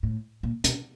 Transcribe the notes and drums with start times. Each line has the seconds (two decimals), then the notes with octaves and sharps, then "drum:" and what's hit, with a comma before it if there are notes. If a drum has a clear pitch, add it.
0.03 A2
0.43 A#2
0.64 B2, drum: hi-hat